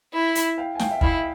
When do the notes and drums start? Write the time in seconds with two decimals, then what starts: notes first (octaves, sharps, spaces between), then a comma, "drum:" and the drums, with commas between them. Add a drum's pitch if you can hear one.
0.13 E4
0.35 drum: hi-hat
0.58 F5 G5
0.75 G#5
0.79 F5 G5, drum: snare
0.91 E5
1.01 E4 D#5 F5, drum: kick